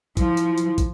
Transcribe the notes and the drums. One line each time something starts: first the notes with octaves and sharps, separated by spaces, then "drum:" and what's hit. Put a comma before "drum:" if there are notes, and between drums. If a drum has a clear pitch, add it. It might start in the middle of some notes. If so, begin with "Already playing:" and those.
F3 E4, drum: kick, hi-hat
drum: hi-hat
drum: hi-hat
drum: kick, hi-hat